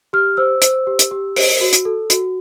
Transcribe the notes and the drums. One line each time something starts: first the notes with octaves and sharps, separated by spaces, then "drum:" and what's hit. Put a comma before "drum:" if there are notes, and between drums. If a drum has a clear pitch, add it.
G4 F6
C5 E6
C5, drum: hi-hat
G4
drum: hi-hat
G4
C5, drum: open hi-hat
F#4
drum: hi-hat
A4
F#4, drum: hi-hat